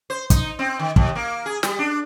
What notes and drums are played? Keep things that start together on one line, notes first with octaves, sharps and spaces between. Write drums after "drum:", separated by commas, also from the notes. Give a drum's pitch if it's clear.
C5
D#4, drum: kick, hi-hat
C4
D#3
D#2, drum: kick
A#3
G#4
G3, drum: snare
D4